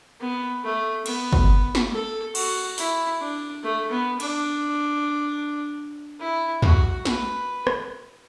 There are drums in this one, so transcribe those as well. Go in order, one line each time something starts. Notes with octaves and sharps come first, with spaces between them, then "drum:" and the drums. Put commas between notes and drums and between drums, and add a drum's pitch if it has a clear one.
B3
A3
B3, drum: cymbal
drum: kick
drum: snare A3
A4
F#4, drum: cymbal
E4, drum: open hi-hat
D4
A3
B3
D4, drum: cymbal
E4
F#4, drum: tom
B4, drum: snare A3
drum: rim click